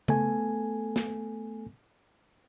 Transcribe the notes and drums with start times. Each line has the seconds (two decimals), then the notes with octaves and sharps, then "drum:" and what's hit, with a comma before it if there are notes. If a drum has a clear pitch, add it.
0.08 A3 B3 A4 G#5, drum: tom C#3
0.96 drum: snare